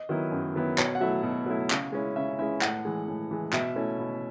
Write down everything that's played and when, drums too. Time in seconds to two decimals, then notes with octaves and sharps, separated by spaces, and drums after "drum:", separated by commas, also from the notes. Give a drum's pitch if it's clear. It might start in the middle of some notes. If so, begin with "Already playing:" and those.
Already playing: D#5
0.09 D#3 F#3 B3 E4
0.32 F#2
0.55 D#3 F#3 B3 E4
0.78 B2 C#5, drum: clap
0.95 F#5
1.01 F#3 A3 E4 E5
1.23 B2
1.46 F#3 A3 E4
1.70 C#3, drum: clap
1.92 G#3 C#4 E4
2.15 C#3 E5
2.39 G#3 C#4 E4 E5
2.61 A2 F#5, drum: clap
2.85 E3 G#3
3.08 A2
3.31 E3 G#3
3.53 B2 E5, drum: clap
3.76 A3 C#4 E4
4.00 B2